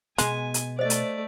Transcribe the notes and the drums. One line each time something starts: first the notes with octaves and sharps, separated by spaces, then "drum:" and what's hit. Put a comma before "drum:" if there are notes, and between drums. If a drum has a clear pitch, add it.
B2 G#3 B3 G#5, drum: hi-hat
drum: hi-hat
A3 C5 D5 D#5
drum: hi-hat